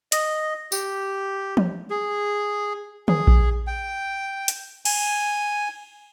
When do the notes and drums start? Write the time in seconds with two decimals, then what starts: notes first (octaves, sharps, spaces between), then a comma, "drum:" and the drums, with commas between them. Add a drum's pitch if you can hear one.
0.12 D#5, drum: hi-hat
0.72 G4, drum: tambourine
1.57 drum: tom
1.90 G#4
3.08 G#4, drum: tom D3
3.27 drum: kick A#1
3.67 G5
4.48 drum: hi-hat
4.85 G#5, drum: cymbal